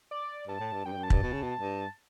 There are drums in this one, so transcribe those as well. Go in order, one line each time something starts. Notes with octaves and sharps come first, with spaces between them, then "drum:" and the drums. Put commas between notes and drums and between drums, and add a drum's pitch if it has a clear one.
D5
G2 A5
A2
G2
F#2 G5
G2
F#2
A5
G2, drum: kick
B2
C#3
B2
G2